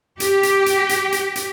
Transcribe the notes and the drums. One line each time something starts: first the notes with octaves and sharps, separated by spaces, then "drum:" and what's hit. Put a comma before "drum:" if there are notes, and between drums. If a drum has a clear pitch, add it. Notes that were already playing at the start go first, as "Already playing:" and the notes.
G4, drum: hi-hat
drum: hi-hat
drum: hi-hat
drum: hi-hat
drum: hi-hat
drum: hi-hat